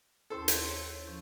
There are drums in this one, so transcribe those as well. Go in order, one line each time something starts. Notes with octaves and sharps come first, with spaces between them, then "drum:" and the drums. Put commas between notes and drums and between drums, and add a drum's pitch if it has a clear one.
D#2 C#4 E4 A4 C5
drum: hi-hat
C#5
F3 C#4 G6